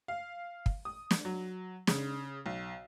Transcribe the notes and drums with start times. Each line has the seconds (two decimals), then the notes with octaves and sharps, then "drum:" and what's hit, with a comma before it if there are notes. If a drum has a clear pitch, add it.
0.08 F5
0.66 drum: kick
0.85 D#6
1.11 drum: snare
1.25 F#3
1.87 C#3, drum: snare
2.46 B1